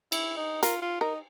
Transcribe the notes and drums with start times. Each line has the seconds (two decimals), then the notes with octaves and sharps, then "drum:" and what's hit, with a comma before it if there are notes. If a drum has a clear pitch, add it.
0.12 E4, drum: cymbal
0.37 D#4
0.63 F4 A#4, drum: hi-hat
0.82 F4
1.01 D#4 A#4